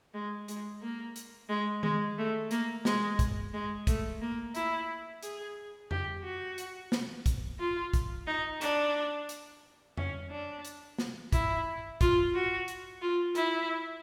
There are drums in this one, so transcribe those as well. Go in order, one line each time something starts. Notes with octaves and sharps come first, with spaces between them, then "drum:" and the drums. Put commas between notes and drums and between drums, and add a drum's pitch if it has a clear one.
G#3
G#3, drum: hi-hat
A#3
drum: hi-hat
G#3
G#3, drum: tom D#3
A3
A#3, drum: hi-hat
G#3, drum: snare
drum: kick, hi-hat
G#3
A3, drum: kick, hi-hat
A#3
E4, drum: hi-hat
G#4, drum: hi-hat
G4, drum: tom F2
F#4
drum: hi-hat
drum: snare
drum: kick, hi-hat
F4
drum: kick, hi-hat
D#4
D4, drum: hi-hat
drum: hi-hat
C#4, drum: tom F2
D4
drum: hi-hat
drum: snare
E4, drum: kick, hi-hat
F4, drum: kick, hi-hat
F#4
drum: hi-hat
F4
E4, drum: hi-hat